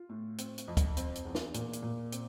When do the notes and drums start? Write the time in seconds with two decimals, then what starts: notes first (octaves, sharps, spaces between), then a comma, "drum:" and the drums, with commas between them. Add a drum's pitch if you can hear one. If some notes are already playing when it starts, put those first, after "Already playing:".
Already playing: F4
0.09 A2
0.38 C4, drum: hi-hat
0.58 drum: hi-hat
0.68 F2
0.77 drum: kick, hi-hat
0.97 C4, drum: hi-hat
1.15 drum: hi-hat
1.25 E2
1.35 drum: snare
1.54 A#2, drum: hi-hat
1.73 drum: hi-hat
1.82 A#2
2.12 C4, drum: hi-hat